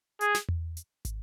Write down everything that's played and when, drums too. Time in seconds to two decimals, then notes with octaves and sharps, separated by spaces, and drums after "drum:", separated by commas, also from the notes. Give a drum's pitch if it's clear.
0.21 G#4, drum: hi-hat
0.35 drum: snare
0.49 drum: tom E2
0.77 drum: hi-hat
1.05 drum: kick, hi-hat